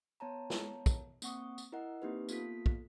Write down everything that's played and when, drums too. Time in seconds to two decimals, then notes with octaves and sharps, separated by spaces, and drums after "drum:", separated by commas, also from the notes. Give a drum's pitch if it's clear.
0.20 B3 C#5 A5 A#5
0.50 drum: snare
0.86 drum: kick, tambourine
1.22 A#3 C4 F#5 C#6 D#6, drum: tambourine
1.58 drum: tambourine
1.72 E4 A#4 D#5 F#5
2.02 A#3 C4 D#4 G4 B4
2.29 A#3 B3 F4 A4 B6, drum: tambourine
2.66 drum: kick